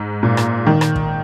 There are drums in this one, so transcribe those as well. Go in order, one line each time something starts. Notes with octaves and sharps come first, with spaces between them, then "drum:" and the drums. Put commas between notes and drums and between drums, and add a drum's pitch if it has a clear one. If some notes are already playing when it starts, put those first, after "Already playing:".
Already playing: G#2
A#2
drum: rim click
D#3
drum: rim click
drum: kick